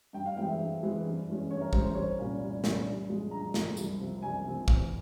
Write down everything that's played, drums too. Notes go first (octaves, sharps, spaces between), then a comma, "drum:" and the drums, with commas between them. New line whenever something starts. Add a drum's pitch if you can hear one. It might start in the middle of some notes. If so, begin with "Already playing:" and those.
G2 G5
F5
E3 G#3 C4 G5
E5
G2
E3 G#3 C4
G2
E3 G#3 C#4
G2 C#5
A#4
E3 G#3 C#4 C5, drum: kick
C5
C2 C#5
A#2 G3 C#4
C2
A#2 G3 C#4, drum: snare
G2
F3 G#3
G2 A#5
F3 G#3, drum: snare
C2, drum: tambourine
C3 F3 C4
C2 G#5
C3 F3 C4
E2, drum: kick